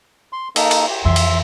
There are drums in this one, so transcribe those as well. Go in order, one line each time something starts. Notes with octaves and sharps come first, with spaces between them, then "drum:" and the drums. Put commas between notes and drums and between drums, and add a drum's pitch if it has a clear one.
C6
A#3 D#4 A4, drum: cymbal
drum: cymbal
G4
F2 E3 E5 C6
drum: cymbal